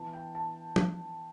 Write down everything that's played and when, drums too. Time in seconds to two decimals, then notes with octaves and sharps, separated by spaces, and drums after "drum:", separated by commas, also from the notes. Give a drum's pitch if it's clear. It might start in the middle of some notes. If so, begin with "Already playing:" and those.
Already playing: E3 B3 A5
0.13 G5
0.35 A5
0.76 drum: tom